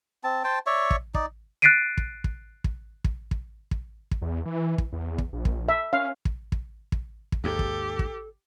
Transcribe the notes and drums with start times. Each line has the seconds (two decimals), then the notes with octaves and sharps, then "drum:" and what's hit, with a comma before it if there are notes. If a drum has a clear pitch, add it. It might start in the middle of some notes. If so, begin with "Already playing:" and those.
0.24 C4 A5
0.44 C5 G5 A5
0.66 C#5 D5 E5 C#6
0.91 drum: kick
1.14 D#4 D5, drum: kick
1.62 F#6 A6 B6 C7 D7 D#7
1.98 drum: kick
2.24 drum: kick
2.64 drum: kick
3.04 drum: kick
3.31 drum: kick
3.71 drum: kick
4.11 drum: kick
4.22 E2
4.45 E3
4.78 drum: kick
4.93 E2
5.18 drum: kick
5.33 A#1
5.45 drum: kick
5.69 E5
5.93 C#4 F5
6.25 drum: kick
6.52 drum: kick
6.92 drum: kick
7.32 drum: kick
7.44 D#2 G#2 G4 A4
7.59 drum: kick
7.99 drum: kick